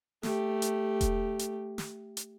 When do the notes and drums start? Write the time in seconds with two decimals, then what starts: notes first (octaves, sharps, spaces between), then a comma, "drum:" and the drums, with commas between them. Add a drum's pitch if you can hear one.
0.23 A3 G4, drum: snare
0.62 drum: hi-hat
1.01 drum: kick E1, hi-hat
1.39 drum: hi-hat
1.78 drum: snare
2.17 drum: hi-hat